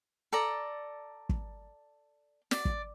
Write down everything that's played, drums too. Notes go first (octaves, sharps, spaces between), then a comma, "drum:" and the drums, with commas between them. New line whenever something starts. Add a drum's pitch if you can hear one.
A4 D5 A#5
drum: kick
D5, drum: snare
drum: kick